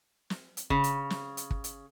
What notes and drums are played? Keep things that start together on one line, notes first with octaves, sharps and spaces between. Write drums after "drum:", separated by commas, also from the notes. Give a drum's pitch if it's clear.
drum: snare
drum: hi-hat
C#3, drum: kick
drum: hi-hat
drum: snare
drum: hi-hat
drum: kick
drum: hi-hat